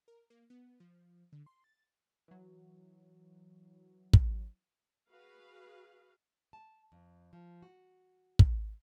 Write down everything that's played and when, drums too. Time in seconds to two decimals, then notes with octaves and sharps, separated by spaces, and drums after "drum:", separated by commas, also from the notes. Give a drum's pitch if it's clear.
0.08 A#4
0.30 A#3
0.50 B3
0.80 F3
1.32 D3
1.46 C6
1.64 A6
2.28 E3 F#3
4.13 drum: kick
5.11 F#4 G#4 B4 F5
6.53 A5
6.92 F2
7.33 F3
7.62 F#4
8.39 drum: kick